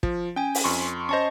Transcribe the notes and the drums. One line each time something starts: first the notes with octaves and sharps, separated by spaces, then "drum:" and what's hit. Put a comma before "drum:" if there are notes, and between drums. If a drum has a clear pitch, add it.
F3, drum: kick
C#4 G5 G#5
drum: open hi-hat
F2 C6 C#6
C#4 C5 D#5 A5 C#6